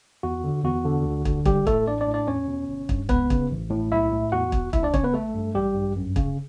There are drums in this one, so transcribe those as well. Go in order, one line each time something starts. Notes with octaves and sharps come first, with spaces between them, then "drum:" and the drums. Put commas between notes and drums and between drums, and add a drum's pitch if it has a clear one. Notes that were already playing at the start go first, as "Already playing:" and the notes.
E2 F#4
D3
E2 F#4
D3
D2
D3, drum: kick
A1 G3 G4, drum: kick
A2 A3 A4, drum: kick
A1 D4 D5
D4 D5
A2
D4 D5
E2 C#4 C#5
B2
G1
G2, drum: kick
C#2 B3 B4, drum: kick
C#3, drum: kick
A1
A2
B1 E4 E5
A2
E2 F#4 F#5
B2, drum: kick
C#2 E4 E5, drum: kick
D4 D5
C#3 C#4 C#5, drum: kick
B3 B4
A1 A3 A4
G2
A1 G3 G4
G2
F#2
C#3, drum: kick